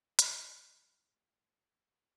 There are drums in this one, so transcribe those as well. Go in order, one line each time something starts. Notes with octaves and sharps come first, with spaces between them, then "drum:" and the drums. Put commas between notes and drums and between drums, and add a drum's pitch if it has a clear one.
A2 G3 A3 C4 G#5, drum: hi-hat